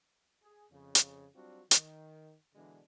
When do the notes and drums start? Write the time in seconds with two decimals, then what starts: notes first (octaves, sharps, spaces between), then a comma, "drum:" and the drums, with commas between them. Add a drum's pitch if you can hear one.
0.42 G#4
0.71 F2 C#3
0.95 drum: hi-hat
1.34 F#3 G3 C4 D4 F4 F#4
1.71 D#3, drum: hi-hat
2.55 B2 D3 E3 G#3 D4